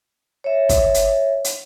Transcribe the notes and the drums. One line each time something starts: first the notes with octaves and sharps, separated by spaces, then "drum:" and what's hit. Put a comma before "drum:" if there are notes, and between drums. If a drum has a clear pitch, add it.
C#5 E5
drum: kick, hi-hat
drum: hi-hat
drum: hi-hat